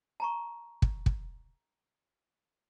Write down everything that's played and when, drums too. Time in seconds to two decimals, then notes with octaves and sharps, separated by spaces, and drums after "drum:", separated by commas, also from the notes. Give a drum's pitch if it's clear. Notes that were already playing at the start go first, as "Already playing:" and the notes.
0.20 A5 A#5 C#6
0.82 drum: kick
1.06 drum: kick